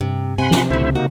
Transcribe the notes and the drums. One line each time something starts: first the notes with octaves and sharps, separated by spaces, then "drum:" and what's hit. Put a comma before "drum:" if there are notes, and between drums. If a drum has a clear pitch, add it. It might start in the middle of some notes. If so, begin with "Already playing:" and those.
G2 C3
C3 F#5 G#5 B5 C6
drum: snare
C#2 D3 A3 E4 C5 E5
drum: tom C#3
C3 A#3 D#4 F#4